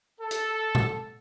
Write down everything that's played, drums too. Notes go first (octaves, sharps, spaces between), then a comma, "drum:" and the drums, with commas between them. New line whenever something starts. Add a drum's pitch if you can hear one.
A4
drum: hi-hat
drum: tom